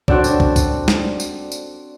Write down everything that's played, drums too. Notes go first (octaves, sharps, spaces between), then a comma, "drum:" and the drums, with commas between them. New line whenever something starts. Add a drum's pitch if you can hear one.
C4 D4 F#4 G4 A4 D5, drum: kick
drum: tambourine
drum: kick
drum: kick, tambourine
drum: snare
drum: tambourine
drum: tambourine